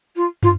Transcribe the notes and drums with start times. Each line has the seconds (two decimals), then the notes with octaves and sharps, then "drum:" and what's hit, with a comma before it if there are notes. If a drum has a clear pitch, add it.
0.16 F4
0.43 F4, drum: tom